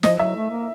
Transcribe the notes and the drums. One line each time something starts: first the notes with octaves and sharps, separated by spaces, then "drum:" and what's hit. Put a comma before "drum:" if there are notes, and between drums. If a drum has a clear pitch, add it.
F3 D#5, drum: snare
F#3 E5
A3
A#3